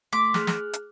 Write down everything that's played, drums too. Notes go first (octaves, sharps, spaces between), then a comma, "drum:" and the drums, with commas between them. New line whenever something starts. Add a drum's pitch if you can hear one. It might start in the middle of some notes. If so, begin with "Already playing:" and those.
A3 C6 D6 B6
G#4 F6 F#6, drum: snare
drum: snare
drum: hi-hat